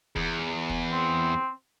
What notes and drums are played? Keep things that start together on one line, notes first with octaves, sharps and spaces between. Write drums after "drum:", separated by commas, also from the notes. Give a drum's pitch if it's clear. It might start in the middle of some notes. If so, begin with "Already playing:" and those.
E2, drum: kick
drum: kick
C4